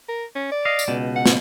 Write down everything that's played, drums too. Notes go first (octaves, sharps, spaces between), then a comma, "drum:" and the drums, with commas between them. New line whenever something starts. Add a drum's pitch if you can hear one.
A#4
C#4
D5
D#5 F5
drum: tambourine
C#2 B2
F#5
drum: snare